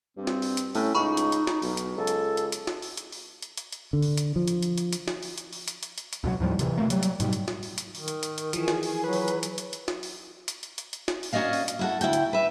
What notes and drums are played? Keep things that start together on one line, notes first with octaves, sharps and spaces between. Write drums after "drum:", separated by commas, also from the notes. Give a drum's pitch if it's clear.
G2 C4
drum: snare
drum: open hi-hat
drum: hi-hat
A2 C#4, drum: open hi-hat
C#2 D#4 B5 C#6
drum: hi-hat
drum: hi-hat
drum: snare
B1, drum: open hi-hat
drum: hi-hat
C#2 A4
drum: hi-hat
drum: hi-hat
drum: hi-hat
drum: snare
drum: open hi-hat
drum: hi-hat
drum: open hi-hat
drum: hi-hat
drum: hi-hat
drum: hi-hat
D3
drum: open hi-hat
drum: hi-hat
F3
drum: hi-hat
drum: hi-hat
drum: hi-hat
drum: hi-hat
drum: snare
drum: open hi-hat
drum: hi-hat
drum: open hi-hat
drum: hi-hat
drum: hi-hat
drum: hi-hat
drum: hi-hat
C#2 B2 F#3
D#2 A2 F3 G3
C3 D#3 E3, drum: hi-hat
B2 A3 A#3
F#3 G3, drum: hi-hat
drum: hi-hat
G#2 B2 G3, drum: hi-hat
drum: hi-hat
drum: snare
drum: open hi-hat
drum: hi-hat
D#3, drum: open hi-hat
drum: hi-hat
drum: hi-hat
drum: hi-hat
E3 F3 G#4, drum: hi-hat
drum: snare
drum: open hi-hat
F#3 B4
drum: open hi-hat
drum: hi-hat
drum: hi-hat
drum: hi-hat
drum: hi-hat
drum: snare
drum: open hi-hat
drum: hi-hat
drum: hi-hat
drum: hi-hat
drum: hi-hat
drum: snare
drum: open hi-hat
A#3 C#4 F#4 D5 D#5 F5
drum: open hi-hat
drum: hi-hat
E4 F#4 A4
D2 E4 F#4 G5, drum: hi-hat
drum: hi-hat
B4 E5